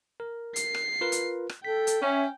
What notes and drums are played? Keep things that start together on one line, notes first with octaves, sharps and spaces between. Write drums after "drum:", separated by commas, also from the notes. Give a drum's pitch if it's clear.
A#4
C7, drum: hi-hat
drum: rim click
F4 A#4 B4
drum: hi-hat
drum: rim click
A4 G5 B6
drum: hi-hat
C#4 E5